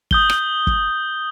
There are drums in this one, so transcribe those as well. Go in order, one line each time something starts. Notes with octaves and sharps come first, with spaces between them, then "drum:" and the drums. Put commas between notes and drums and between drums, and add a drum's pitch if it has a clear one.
D#6 G6 G7, drum: kick
drum: rim click
drum: kick